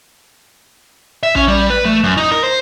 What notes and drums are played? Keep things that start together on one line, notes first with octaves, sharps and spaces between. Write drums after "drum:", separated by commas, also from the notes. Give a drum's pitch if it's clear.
E5
C#4, drum: kick A#1
G3
B4
A3, drum: tom E3
F#2
D#4
A#4
C5